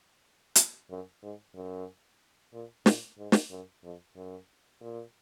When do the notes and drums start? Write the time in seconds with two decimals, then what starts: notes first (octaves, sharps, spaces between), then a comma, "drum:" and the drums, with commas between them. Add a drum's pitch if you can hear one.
0.55 drum: hi-hat
0.90 F#2
1.23 G#2
1.55 F#2
2.53 A#2
2.86 A#2, drum: snare
3.18 G#2
3.32 drum: snare
3.51 F#2
3.84 F2
4.16 F#2
4.81 A#2